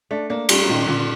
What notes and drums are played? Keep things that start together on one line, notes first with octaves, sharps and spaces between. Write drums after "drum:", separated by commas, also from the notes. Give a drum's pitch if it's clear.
A3 D4
A#3 D4
G2 G3, drum: cymbal
F#3
A#2 D#3
A#2 D3